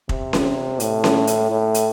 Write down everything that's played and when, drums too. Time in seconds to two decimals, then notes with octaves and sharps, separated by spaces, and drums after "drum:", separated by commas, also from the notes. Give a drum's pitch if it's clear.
0.09 C3, drum: kick
0.33 drum: snare C#4
0.80 A2, drum: hi-hat
1.04 drum: snare C#4
1.27 drum: hi-hat
1.51 A2
1.74 drum: hi-hat